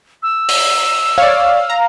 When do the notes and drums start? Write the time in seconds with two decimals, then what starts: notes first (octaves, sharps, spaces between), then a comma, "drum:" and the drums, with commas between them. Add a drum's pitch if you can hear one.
0.23 E6
0.48 drum: open hi-hat
1.18 C#5 D5 F5
1.70 A#5